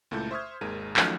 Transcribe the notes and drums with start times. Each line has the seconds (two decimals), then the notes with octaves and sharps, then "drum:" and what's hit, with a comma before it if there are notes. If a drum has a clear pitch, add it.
0.11 C#2 A#2 A3 E4 A4 G6
0.31 C5 E5 C#6 D#6 F6 G#6
0.61 G#1 D#2 G#3 A#4 D#7
0.96 D#3 F3 F#3 A3 C#4 D#4, drum: clap